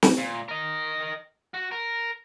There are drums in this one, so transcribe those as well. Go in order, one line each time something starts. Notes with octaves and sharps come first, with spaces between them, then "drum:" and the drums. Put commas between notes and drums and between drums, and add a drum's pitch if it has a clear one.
drum: snare
A#2
A#4 D#5
F#4
A#4